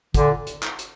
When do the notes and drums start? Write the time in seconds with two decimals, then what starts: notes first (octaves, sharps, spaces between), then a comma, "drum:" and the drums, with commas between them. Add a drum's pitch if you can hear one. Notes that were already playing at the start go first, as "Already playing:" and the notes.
0.14 A#2 D3, drum: kick, hi-hat
0.47 drum: hi-hat
0.63 drum: clap
0.79 drum: hi-hat